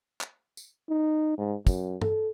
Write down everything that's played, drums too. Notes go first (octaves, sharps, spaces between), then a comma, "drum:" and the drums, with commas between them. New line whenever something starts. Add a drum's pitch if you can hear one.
drum: clap
drum: tambourine
D#4
G#2
F#2, drum: kick, tambourine
A4, drum: tom G2